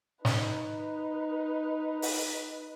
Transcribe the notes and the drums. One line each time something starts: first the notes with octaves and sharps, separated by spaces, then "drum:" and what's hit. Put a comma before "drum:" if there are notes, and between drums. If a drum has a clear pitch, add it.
D#4 B4, drum: snare
drum: open hi-hat